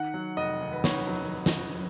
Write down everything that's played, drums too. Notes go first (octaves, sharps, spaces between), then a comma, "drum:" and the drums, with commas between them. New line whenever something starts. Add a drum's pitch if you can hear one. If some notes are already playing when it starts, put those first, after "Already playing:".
Already playing: D#3 F#5
F#3
F1 D#5
D#2
B4
D#3 C#5, drum: snare
F#3
drum: snare